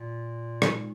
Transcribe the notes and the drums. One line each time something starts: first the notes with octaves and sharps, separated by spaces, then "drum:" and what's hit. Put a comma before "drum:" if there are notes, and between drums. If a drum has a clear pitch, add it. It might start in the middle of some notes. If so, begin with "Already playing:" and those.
Already playing: A#2
G#2, drum: rim click